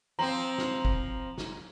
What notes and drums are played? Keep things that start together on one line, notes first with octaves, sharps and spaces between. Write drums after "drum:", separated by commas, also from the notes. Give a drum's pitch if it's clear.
F3 C4 A#5 F#7
drum: snare
drum: kick
drum: snare